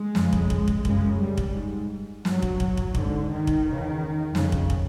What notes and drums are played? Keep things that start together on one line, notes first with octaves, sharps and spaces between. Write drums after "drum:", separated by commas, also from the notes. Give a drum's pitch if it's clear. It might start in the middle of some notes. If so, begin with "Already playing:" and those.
Already playing: G#3
F2 C#3, drum: snare
drum: kick
drum: kick
drum: kick
F#2 C#3 G#3, drum: kick
G3
drum: kick
G#2
G2 F#3, drum: snare
drum: kick
drum: kick
drum: kick
G#2 D3, drum: kick
D#3
drum: kick
E2 C#3
F2 C#3, drum: snare
drum: kick
drum: kick